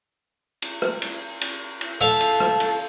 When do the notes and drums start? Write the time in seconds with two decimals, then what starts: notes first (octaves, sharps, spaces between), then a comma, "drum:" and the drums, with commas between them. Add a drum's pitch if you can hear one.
0.62 drum: cymbal
0.82 drum: rim click
1.02 drum: cymbal
1.41 drum: cymbal
1.81 drum: cymbal
2.01 A4 E5 F5
2.21 drum: cymbal
2.40 drum: rim click
2.60 drum: cymbal